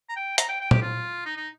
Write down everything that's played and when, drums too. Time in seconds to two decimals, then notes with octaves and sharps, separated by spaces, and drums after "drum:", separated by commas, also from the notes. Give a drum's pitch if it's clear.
0.09 A#5
0.16 G5
0.38 A#5, drum: hi-hat
0.48 G5
0.61 G5
0.71 G4, drum: tom A#2
0.82 F4
1.25 D#4
1.37 D#4